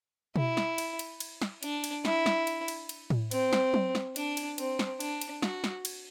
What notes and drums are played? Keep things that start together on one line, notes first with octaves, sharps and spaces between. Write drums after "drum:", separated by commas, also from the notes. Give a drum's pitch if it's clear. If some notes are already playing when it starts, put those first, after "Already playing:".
E4, drum: tom B2
drum: snare
drum: cymbal
drum: cymbal
drum: cymbal
drum: snare
D4, drum: cymbal
drum: cymbal
E4, drum: snare
drum: snare
drum: cymbal
drum: cymbal
drum: cymbal
drum: tom A2
C4, drum: cymbal
drum: snare
drum: tom F#3
drum: snare
D4, drum: cymbal
drum: cymbal
C4, drum: cymbal
drum: snare
D4, drum: cymbal
drum: cymbal
F#4, drum: snare
drum: snare
drum: cymbal